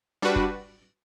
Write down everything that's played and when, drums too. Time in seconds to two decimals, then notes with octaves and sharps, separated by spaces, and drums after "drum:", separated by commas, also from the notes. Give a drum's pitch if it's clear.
0.22 G3 D4 F#4 B4
0.36 drum: kick